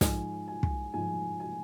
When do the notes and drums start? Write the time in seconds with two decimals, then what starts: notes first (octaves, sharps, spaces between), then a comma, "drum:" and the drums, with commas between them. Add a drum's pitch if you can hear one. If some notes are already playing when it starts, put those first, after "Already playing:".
0.01 G#2 F3 G#5, drum: snare
0.48 G#5
0.63 drum: kick
0.94 G#2 F3 G#5
1.40 G#5